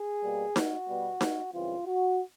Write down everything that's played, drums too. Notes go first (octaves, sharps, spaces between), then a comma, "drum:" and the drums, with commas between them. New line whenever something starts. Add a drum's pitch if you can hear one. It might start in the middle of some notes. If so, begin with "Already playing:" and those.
Already playing: G#4
B2 G3 A#3
F#4, drum: snare D#4
B2 G3 B3
drum: snare D#4
F#2 C#3 E3 G3 C4 F4
F#4